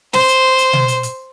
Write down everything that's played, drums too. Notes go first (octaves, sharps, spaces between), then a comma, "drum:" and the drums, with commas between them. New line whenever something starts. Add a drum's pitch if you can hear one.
C5, drum: snare
drum: hi-hat
drum: hi-hat
drum: tom B2
drum: hi-hat
drum: hi-hat